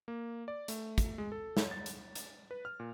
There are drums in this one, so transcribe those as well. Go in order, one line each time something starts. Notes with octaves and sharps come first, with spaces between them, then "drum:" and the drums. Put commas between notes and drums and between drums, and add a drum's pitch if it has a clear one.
A#3
D5
A3, drum: hi-hat
drum: kick, hi-hat
G#3
A4
drum: snare
A6
drum: hi-hat
drum: hi-hat
B4
F6
A#2